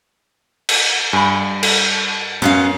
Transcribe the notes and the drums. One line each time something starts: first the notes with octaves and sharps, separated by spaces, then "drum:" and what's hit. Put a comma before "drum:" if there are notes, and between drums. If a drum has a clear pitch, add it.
drum: cymbal
G2 G#5 B5
A4, drum: cymbal
F#2 B3 C#4 F5